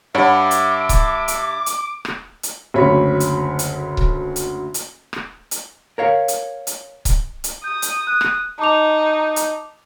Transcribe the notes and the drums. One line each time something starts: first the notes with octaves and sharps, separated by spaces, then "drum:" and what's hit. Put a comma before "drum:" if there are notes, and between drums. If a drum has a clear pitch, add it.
G2 C#5 E5 F#5 B5 D6
drum: hi-hat
drum: kick C#1, hi-hat
drum: hi-hat
drum: hi-hat
drum: rim click
drum: hi-hat
F#1 D2 C#5 B5
drum: hi-hat
drum: hi-hat
drum: kick C#1
drum: hi-hat
drum: hi-hat
drum: rim click
drum: hi-hat
A#4 C#5 F5
drum: hi-hat
drum: hi-hat
drum: kick C#1, hi-hat
drum: hi-hat
D#6 G6
drum: hi-hat
F#6
drum: rim click
D#4 A5 D6 F7
drum: hi-hat